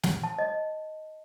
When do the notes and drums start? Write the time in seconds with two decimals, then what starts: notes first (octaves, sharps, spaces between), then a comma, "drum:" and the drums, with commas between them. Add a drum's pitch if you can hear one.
0.03 drum: snare
0.23 A5
0.38 D#5